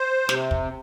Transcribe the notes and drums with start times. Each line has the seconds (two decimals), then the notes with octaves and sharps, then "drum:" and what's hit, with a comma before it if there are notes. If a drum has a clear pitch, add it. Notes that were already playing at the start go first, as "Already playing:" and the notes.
Already playing: C5
0.29 C3, drum: snare
0.51 drum: kick